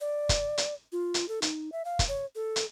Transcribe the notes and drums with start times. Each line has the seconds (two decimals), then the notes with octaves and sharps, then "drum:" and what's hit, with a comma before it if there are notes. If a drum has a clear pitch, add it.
0.01 D5
0.29 drum: kick, hi-hat
0.58 drum: hi-hat
0.92 F4
1.14 drum: hi-hat
1.28 A4
1.42 D#4, drum: hi-hat
1.72 E5
1.85 F5
1.99 drum: kick, hi-hat
2.08 C#5
2.35 A4
2.56 drum: hi-hat